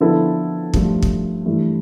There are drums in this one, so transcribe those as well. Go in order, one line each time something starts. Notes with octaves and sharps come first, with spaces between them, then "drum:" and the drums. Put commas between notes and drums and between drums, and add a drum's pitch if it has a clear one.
D3 F3 B3 E4 A4
G2 F3 A3, drum: kick
drum: kick
G2 E3 A3 E4